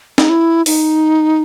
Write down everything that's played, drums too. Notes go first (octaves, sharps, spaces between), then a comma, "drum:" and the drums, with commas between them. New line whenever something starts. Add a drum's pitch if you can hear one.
D#4, drum: snare
E4
D#4, drum: open hi-hat